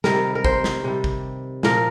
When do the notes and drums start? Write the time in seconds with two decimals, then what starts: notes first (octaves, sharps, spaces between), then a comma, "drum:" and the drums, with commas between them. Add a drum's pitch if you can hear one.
0.04 C3 D#3 G3 A#4, drum: snare
0.35 A#4
0.44 C5, drum: kick
0.64 drum: snare
0.84 C3 G3
1.04 drum: kick
1.63 A#2 F3 A#4, drum: snare